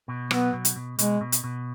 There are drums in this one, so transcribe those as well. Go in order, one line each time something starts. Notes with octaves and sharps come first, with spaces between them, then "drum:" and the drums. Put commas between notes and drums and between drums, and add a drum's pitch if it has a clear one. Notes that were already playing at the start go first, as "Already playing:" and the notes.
B2
F#3 B3, drum: rim click
B2
drum: hi-hat
B2
B2 G#3, drum: hi-hat
B2
drum: hi-hat
B2